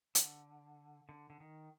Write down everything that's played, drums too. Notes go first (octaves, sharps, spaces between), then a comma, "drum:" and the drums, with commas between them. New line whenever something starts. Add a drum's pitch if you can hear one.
D3, drum: hi-hat
D3
D3
D#3